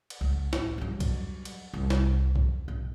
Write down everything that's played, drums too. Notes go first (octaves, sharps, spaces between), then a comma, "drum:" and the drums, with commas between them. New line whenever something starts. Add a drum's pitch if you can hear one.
drum: cymbal
C#2
A1, drum: snare
G2 F#3
drum: kick A#1, cymbal
drum: cymbal
C2
drum: snare
drum: kick A#1
B1